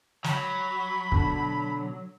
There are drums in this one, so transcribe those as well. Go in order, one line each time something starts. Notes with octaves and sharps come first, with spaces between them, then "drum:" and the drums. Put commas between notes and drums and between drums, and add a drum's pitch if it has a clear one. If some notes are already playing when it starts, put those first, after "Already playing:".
F#3 B5, drum: snare
B2 D3, drum: kick